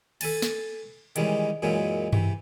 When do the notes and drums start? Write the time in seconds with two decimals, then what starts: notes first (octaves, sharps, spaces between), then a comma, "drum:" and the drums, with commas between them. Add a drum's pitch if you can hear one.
0.21 A4 B4 G#5 A5, drum: cymbal
0.42 drum: snare
1.16 D#3 E3 G3 G#3 C#4, drum: hi-hat
1.62 F#2 A#2 E3 F#3 G#3 C#4
2.13 C3 E3, drum: tom G2